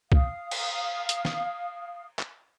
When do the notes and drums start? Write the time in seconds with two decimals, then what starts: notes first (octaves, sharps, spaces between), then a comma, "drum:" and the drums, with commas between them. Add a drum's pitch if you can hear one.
0.12 F5 D#6, drum: kick C2
0.51 drum: cymbal
1.09 drum: hi-hat
1.25 drum: snare
2.19 drum: clap